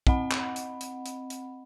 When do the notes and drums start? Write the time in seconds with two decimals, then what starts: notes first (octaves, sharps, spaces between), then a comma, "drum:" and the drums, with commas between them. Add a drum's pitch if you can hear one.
0.07 C4 D#5 F#5 B5, drum: kick
0.31 drum: clap
0.56 drum: hi-hat
0.81 drum: hi-hat
1.06 drum: hi-hat
1.30 drum: hi-hat